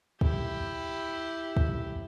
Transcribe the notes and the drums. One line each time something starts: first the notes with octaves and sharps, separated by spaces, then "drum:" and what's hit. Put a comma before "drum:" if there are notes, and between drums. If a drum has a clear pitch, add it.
E4 G4, drum: kick
drum: kick